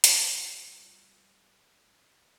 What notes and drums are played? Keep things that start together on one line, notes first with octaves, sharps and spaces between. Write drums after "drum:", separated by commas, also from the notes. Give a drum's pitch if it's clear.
G3 F4, drum: hi-hat